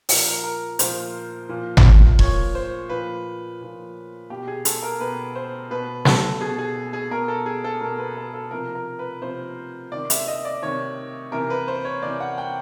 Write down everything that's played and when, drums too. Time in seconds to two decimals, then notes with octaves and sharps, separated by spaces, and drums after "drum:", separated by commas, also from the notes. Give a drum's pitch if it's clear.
0.09 A#2 F3 A#4, drum: open hi-hat
0.26 A#4
0.44 A#4
0.79 A#2 F3 C5, drum: hi-hat
1.49 A#2 F3
1.77 drum: tom G#1
2.19 A#2 F3 C#5, drum: kick E1
2.55 C5
2.89 A#2 F3 B4
3.61 A#2 F3
4.30 B2 G4
4.48 G#4
4.65 A4, drum: hi-hat
4.83 A#4
5.00 B2 B4
5.35 C5
5.70 B2 B4
6.05 A4, drum: snare
6.41 B2 G#4
6.58 G#4
6.93 G#4
7.11 B2 A#4
7.28 A4
7.46 G#4
7.64 A4
7.81 B2 A#4
7.98 B4
8.17 A4
8.34 A4
8.51 C3 F3 A#4
8.75 A#4
8.99 B4
9.22 C3 F3 C5
9.92 C3 D#3 D5
10.10 E5, drum: hi-hat
10.27 D#5
10.45 D5
10.63 C3 D#3 C#5
11.32 C3 E3 A#4
11.50 B4
11.68 C5
11.85 C#5
12.02 C3 E3 D5
12.20 F#5
12.38 G5